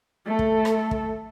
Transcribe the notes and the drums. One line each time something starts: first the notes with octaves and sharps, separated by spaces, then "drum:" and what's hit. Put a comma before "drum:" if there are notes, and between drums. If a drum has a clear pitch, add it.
A3 A4
drum: kick
drum: rim click
drum: kick